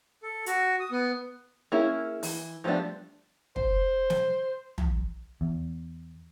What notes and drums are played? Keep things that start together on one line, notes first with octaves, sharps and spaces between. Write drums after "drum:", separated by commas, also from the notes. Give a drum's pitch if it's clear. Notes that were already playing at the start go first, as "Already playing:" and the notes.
A4
F#4, drum: hi-hat
D#6
B3
A#3 C#4 E4 G#4
E3, drum: open hi-hat
F3 G3 A3 B3 D4
C5, drum: kick
drum: snare
drum: tom
E2